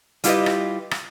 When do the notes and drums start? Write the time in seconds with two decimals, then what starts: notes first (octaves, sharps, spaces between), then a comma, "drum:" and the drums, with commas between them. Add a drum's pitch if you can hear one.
0.24 G3 E4 F4 G4 B4 D#5, drum: hi-hat
0.46 drum: rim click
0.91 drum: rim click